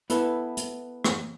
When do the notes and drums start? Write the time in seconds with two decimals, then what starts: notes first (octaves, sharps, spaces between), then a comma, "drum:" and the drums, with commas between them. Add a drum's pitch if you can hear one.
0.10 B3 E4 A4 B4, drum: hi-hat
0.57 drum: hi-hat
1.04 drum: rim click